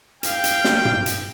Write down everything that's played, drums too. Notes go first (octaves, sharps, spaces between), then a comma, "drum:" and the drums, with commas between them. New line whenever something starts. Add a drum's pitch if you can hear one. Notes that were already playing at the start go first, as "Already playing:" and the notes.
F5 G5, drum: hi-hat
drum: hi-hat
drum: snare
drum: tom
drum: hi-hat